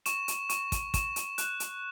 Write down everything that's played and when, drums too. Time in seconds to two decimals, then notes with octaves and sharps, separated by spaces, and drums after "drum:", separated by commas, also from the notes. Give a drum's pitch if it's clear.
0.06 C#6 E7, drum: hi-hat
0.28 drum: hi-hat
0.49 C#6, drum: hi-hat
0.72 drum: kick, hi-hat
0.94 C#6 E7, drum: kick, hi-hat
1.16 drum: hi-hat
1.38 F#6, drum: hi-hat
1.60 drum: hi-hat